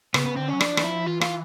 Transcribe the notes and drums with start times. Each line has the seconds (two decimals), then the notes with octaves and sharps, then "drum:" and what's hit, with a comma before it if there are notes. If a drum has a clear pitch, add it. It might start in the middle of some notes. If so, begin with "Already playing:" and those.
0.14 C#3 B3, drum: rim click
0.26 B3
0.37 D3 C4
0.49 F#3 C#4
0.61 F3 D4, drum: rim click
0.77 E3, drum: rim click
0.83 F3 E4
1.06 E3 F4
1.21 F4, drum: rim click